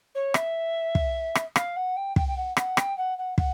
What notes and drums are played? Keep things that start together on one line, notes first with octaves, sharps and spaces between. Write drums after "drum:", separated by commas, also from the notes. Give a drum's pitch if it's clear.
C#5
E5, drum: rim click
drum: kick
drum: rim click
F5, drum: rim click
F#5
G5
G5, drum: kick
G5
F#5
F#5, drum: rim click
G5, drum: rim click
F#5
F#5
F#5, drum: kick